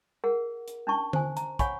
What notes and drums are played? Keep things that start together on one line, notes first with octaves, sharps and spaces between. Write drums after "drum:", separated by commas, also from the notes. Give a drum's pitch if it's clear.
G#4 A#4 F#5
drum: hi-hat
C#4 D4 E4 A5 C#6
C5 G#5, drum: tom D3
A#5, drum: hi-hat
C#5 F5 F#5 G#5 B5 C#6, drum: kick, hi-hat